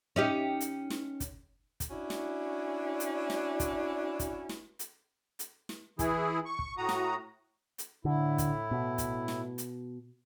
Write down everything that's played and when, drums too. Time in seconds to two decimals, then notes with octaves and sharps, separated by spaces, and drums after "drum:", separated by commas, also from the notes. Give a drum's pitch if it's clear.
0.16 C#4 D#4 G4
0.60 drum: hi-hat
0.90 drum: snare
1.20 drum: kick, hi-hat
1.80 drum: kick, hi-hat
1.91 C#4 D4 E4 F#4
2.10 drum: snare
3.00 drum: hi-hat
3.30 drum: snare
3.60 drum: kick, hi-hat
4.19 drum: kick, hi-hat
4.49 drum: snare
4.79 drum: hi-hat
5.39 drum: hi-hat
5.69 drum: snare
5.99 E3 E4 G#4, drum: kick, hi-hat
6.45 C#6
6.59 drum: kick
6.77 A2 F#4 A#5 D#6
6.89 drum: snare
7.78 drum: hi-hat
8.05 A2 D3 E4
8.38 drum: kick, hi-hat
8.71 B2
8.98 drum: kick, hi-hat
9.28 drum: snare
9.58 drum: hi-hat